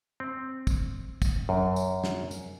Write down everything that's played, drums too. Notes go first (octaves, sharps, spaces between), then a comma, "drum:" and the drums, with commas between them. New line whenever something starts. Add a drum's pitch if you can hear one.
C4
drum: kick, tambourine
drum: kick, tambourine
F#2
drum: tambourine
drum: snare
drum: tambourine